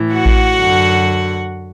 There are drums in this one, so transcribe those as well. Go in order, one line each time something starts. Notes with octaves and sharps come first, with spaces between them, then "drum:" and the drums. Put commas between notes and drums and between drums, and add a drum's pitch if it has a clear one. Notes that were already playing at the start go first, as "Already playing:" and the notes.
Already playing: A2 E3
F#4 F#5
drum: kick A1
F#2 D3